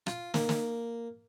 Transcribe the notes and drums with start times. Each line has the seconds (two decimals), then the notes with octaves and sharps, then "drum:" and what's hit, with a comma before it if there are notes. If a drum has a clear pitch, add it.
0.07 F4, drum: rim click
0.34 A#3, drum: snare
0.49 drum: snare